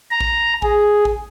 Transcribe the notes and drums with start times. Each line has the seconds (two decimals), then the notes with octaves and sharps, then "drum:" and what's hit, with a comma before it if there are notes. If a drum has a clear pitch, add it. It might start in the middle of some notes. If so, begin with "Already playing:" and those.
0.11 A#5
0.21 drum: kick A1
0.62 G#4, drum: kick A1
1.05 drum: kick A1